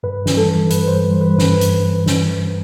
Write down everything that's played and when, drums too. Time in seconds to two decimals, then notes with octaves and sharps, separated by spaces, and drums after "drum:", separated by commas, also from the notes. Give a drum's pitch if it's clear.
0.03 G2 B4
0.26 drum: snare
0.37 E3 G3 A4
0.70 G2 B4, drum: hi-hat
0.88 C5
1.04 G3
1.09 E3
1.21 B4
1.38 G2 B4, drum: snare
1.61 drum: hi-hat
2.06 drum: snare